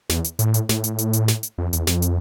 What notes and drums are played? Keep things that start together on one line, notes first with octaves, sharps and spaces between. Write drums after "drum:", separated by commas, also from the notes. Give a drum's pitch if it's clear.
E2, drum: snare
drum: hi-hat
A2, drum: hi-hat
drum: hi-hat
A2, drum: snare
drum: hi-hat
drum: hi-hat
drum: hi-hat
drum: snare
drum: hi-hat
F2
E2, drum: hi-hat
F2, drum: snare
drum: hi-hat